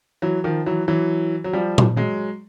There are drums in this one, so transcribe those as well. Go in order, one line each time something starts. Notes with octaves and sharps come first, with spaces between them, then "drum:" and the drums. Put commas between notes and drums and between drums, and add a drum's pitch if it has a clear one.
E3 F#3
D#3 F3
E3 F#3
E3 F#3
F#3
F3 G3
drum: tom A#2
F#3 G#3